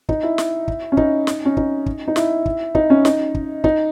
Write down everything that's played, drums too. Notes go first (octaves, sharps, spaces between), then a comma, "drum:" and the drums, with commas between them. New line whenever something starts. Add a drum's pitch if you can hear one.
D#4, drum: kick
E4
drum: snare
drum: kick
C#4
D#4, drum: kick
drum: snare
C#4
D#4, drum: kick
drum: kick
D#4
E4, drum: snare
drum: kick
D#4, drum: kick
C#4
D#4, drum: snare
drum: kick
D#4, drum: kick